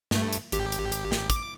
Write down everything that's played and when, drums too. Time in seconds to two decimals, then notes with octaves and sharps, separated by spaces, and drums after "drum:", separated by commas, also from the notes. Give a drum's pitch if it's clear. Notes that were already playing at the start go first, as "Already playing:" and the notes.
0.11 G2 A3, drum: snare
0.33 drum: hi-hat
0.52 G#1 G4, drum: hi-hat
0.72 drum: hi-hat
0.92 drum: hi-hat
1.12 drum: snare
1.30 D6, drum: kick, hi-hat